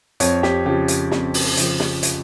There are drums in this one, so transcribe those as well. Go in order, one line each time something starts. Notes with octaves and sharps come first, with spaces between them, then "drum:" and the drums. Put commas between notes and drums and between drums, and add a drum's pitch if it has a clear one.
F2 C#5, drum: hi-hat
G4, drum: snare
C#3 F3 G4
drum: hi-hat
F2, drum: snare
drum: open hi-hat
C#3 F3, drum: hi-hat
drum: snare
drum: hi-hat